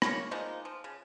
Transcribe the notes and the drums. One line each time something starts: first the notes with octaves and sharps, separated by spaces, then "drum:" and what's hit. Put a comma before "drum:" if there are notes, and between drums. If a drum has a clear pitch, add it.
A#3 C#5, drum: rim click
F3 G#3 A#3 D#4
F3
C#3